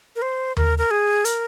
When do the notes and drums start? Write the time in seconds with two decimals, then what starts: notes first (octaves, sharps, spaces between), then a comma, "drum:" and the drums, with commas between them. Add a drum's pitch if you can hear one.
0.16 A#4
0.22 C5
0.57 A#4, drum: tom D#2
0.78 A#4
0.91 G#4
1.25 A#4, drum: hi-hat